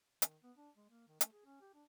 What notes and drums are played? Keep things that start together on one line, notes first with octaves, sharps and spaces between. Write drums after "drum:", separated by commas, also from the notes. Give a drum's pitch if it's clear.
D#3, drum: hi-hat
B3
D4
G#3
A#3
D#3
A3, drum: hi-hat
G#4
C#4
G4
D4